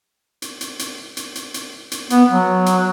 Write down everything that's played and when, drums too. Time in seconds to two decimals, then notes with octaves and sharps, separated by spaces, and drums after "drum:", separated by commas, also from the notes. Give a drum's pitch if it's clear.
0.42 drum: hi-hat
0.61 drum: hi-hat
0.79 drum: hi-hat
1.17 drum: hi-hat
1.35 drum: hi-hat
1.54 drum: hi-hat
1.92 drum: hi-hat
2.10 B3, drum: hi-hat
2.30 F#3
2.66 drum: hi-hat